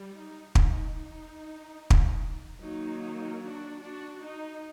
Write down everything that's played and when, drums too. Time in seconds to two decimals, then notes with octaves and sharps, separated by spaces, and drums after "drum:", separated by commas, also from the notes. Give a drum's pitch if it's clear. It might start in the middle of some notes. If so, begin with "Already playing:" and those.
Already playing: G3
0.15 D#4
0.55 D#4, drum: kick
1.90 drum: kick
2.60 D#3 F#3 A#3 D#4
3.01 D#4
3.42 D4 F#4
3.83 D4 F#4
4.23 D#4